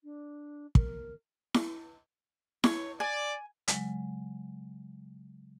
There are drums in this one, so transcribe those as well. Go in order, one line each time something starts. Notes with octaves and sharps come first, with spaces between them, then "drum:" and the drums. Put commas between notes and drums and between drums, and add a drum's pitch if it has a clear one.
D4
A#4, drum: kick
drum: snare E4
C#5, drum: snare E4
D5 G#5
C#3 F#3 G#3, drum: hi-hat